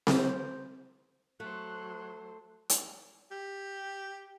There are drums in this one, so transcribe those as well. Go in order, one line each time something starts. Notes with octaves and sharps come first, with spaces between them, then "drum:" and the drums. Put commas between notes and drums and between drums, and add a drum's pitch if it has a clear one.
drum: snare C4
C5
F#3 A3 C5 F#6
drum: hi-hat
G4